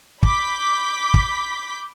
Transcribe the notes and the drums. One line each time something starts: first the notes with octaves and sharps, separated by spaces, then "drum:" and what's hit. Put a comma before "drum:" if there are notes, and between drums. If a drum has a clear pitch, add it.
B5 D6 G6 B6, drum: kick
drum: kick